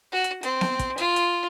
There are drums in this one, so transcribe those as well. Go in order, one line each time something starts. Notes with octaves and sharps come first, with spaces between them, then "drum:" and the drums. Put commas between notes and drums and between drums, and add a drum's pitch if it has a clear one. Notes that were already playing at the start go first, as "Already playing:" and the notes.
F#4
drum: hi-hat
C4, drum: hi-hat
drum: snare B3
drum: kick, hi-hat
F4, drum: hi-hat
drum: hi-hat